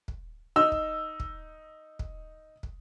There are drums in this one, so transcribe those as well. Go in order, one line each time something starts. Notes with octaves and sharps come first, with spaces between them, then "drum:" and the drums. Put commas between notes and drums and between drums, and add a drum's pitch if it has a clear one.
drum: kick
D#4 E6
drum: kick
drum: kick
drum: kick
drum: kick